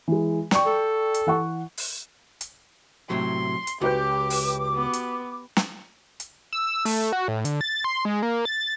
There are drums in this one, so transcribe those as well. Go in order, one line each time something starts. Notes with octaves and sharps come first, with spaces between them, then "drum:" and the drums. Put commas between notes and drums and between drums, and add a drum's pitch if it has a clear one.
E3 G#3
D5 G5 C#6, drum: snare
A4
drum: hi-hat
E3 F#5 C#6
drum: open hi-hat
drum: hi-hat
A2 C3 F#3 C6
drum: hi-hat
C#2 F#4 G4 B4 D6 G6
drum: open hi-hat
B3
drum: hi-hat
drum: snare
drum: hi-hat
E6
A3, drum: open hi-hat
F#4
A2
D3, drum: hi-hat
A6
C6
G#3
A#3
A6